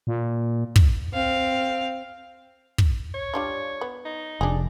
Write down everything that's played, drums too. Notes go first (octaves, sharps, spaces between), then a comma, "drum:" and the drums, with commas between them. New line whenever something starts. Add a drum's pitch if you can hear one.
A#2
drum: kick
C4 F5
drum: kick
C#5
G3 D4 F4
B3
D#4
F1 D4 G#4